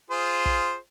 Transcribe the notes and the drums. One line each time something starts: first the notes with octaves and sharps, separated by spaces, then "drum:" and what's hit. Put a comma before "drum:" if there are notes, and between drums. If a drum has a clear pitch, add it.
F4 G#4 C5
drum: kick